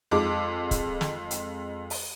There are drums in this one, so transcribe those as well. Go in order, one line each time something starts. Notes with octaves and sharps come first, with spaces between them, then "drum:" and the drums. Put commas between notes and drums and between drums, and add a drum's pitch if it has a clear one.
F2 G#3 D6
drum: kick C#1, hi-hat
drum: snare
drum: hi-hat
drum: open hi-hat